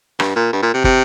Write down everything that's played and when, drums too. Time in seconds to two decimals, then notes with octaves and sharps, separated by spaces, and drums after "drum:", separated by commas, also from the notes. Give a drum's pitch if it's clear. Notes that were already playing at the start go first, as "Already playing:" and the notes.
0.20 G2, drum: rim click
0.36 A#2
0.53 G2
0.62 A#2
0.74 C3
0.84 C3, drum: kick